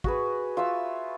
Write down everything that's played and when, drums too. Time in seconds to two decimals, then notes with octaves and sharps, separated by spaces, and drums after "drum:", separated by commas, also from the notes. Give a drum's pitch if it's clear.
0.04 F#4 G#4 B4, drum: kick
0.57 F4 E5 C#6 E6